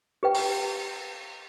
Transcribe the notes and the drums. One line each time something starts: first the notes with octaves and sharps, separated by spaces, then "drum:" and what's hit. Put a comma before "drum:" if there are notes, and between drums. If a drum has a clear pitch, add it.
G4 B4 G5
drum: open hi-hat